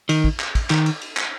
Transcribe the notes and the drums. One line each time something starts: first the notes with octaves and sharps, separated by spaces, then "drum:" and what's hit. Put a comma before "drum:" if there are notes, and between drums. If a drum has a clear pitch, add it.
D#3, drum: cymbal
drum: kick
drum: clap
drum: kick, cymbal
D#3, drum: clap
drum: cymbal
drum: cymbal
drum: clap